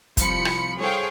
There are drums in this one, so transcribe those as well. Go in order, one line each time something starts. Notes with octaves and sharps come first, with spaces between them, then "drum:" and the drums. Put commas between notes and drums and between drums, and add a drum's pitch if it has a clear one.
C2 F3 B5 C#7, drum: kick, hi-hat
drum: rim click
G#4 A4 C5 C#5 F5 G5